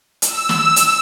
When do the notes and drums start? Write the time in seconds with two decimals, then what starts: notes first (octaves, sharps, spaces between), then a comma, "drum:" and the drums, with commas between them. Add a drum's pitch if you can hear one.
0.22 E6, drum: hi-hat
0.49 drum: snare
0.76 drum: hi-hat